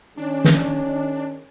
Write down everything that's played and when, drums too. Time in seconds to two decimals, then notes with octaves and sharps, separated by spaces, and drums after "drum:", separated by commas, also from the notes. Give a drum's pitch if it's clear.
0.17 D#3 G#3 C#4 D4
0.44 drum: snare